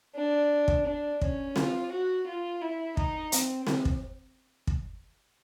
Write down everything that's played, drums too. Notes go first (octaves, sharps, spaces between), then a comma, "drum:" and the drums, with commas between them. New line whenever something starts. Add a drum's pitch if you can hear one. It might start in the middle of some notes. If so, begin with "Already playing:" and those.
D4
drum: kick
D4
C#4, drum: kick
F4, drum: snare C4
F#4
F4
E4
D#4, drum: kick
C4, drum: hi-hat
drum: snare C4
drum: kick
drum: kick